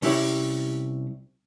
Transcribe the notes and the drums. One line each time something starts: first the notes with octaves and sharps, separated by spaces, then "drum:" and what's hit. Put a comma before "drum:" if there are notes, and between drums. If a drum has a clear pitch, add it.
C2 C#4 E4 G4 C#5, drum: open hi-hat